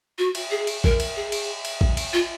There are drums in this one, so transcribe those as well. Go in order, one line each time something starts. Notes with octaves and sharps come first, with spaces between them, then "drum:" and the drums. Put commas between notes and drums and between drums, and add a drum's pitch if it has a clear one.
F#4
drum: cymbal
G#4
drum: cymbal
A#4, drum: kick A1
drum: cymbal
G#4
drum: cymbal
drum: cymbal
drum: kick A1
drum: cymbal
F4